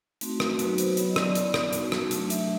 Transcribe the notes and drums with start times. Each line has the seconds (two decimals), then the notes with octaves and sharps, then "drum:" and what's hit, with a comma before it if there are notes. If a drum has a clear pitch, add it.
0.21 A3 C4 D#4 F#4, drum: hi-hat
0.40 A#4, drum: rim click
0.59 F#3 B3 D#4 F#4 B4, drum: hi-hat
0.78 C5, drum: hi-hat
0.97 F#3 B3 E4 C#5, drum: hi-hat
1.10 D#5
1.16 D5, drum: rim click
1.35 B3 E4, drum: hi-hat
1.54 drum: rim click
1.73 G3 B3 D#4 F#4, drum: hi-hat
1.92 drum: rim click
2.11 F#3 A3 D4, drum: hi-hat
2.30 E5, drum: hi-hat